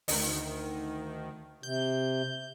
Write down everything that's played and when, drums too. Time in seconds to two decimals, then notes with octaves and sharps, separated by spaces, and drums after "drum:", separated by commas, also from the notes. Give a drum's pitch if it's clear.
0.08 D2 D#3, drum: open hi-hat
1.63 C3 G6